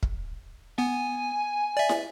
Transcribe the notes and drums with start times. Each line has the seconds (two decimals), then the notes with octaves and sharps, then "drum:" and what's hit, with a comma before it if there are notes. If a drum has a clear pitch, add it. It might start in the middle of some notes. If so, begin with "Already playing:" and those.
0.03 drum: kick
0.78 B3 G#5
1.77 D5 E5
1.89 drum: snare